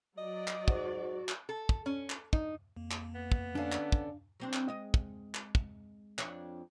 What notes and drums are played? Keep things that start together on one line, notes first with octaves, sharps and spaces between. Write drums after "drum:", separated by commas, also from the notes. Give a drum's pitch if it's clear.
F#3 D5 D#5
drum: clap
G#2 F#4, drum: kick
drum: clap
A4
drum: kick
C#4
drum: clap
D#4, drum: kick
F2 A#3
drum: clap
B3
drum: kick
D3 C#4 D4 F5
drum: clap
drum: kick
F#3 C4 D4
drum: clap
G#3 D#5
drum: kick
drum: clap
drum: kick
F2 D4 C#5, drum: clap